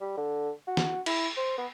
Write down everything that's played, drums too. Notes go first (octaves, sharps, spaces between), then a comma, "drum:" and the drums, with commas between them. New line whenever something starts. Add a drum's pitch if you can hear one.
G3
D3
F#4
drum: snare
E4, drum: cymbal
C5
B3